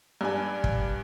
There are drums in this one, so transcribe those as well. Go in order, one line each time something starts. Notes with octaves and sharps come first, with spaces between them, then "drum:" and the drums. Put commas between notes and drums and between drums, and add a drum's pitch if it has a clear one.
G2 D4 G#5
drum: kick